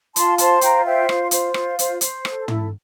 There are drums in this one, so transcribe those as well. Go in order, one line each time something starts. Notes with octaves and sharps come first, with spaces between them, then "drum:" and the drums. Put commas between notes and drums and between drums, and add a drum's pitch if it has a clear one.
F4 A5 C6, drum: hi-hat
C5 A5 C6, drum: hi-hat
F4 G5 A#5, drum: hi-hat
C5 E5 G5
F4, drum: rim click
C5, drum: hi-hat
F4, drum: rim click
C5, drum: hi-hat
C5, drum: hi-hat
A4, drum: rim click
E4, drum: tom